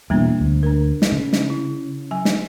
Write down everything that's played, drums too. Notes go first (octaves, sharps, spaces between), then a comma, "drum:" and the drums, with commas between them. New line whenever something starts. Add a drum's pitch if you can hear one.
E2 B2 G3 A#3 D4
D2
D4 A#4
drum: snare
C#3
drum: snare
E4
F#3 G#5
drum: snare